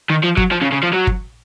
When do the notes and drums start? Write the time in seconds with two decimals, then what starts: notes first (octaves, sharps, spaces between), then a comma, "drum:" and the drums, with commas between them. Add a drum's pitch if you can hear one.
0.10 D#3
0.24 F3
0.37 F#3, drum: kick G1
0.52 F3
0.62 C#3
0.72 C#3
0.83 F3
0.93 F#3
1.07 drum: kick G1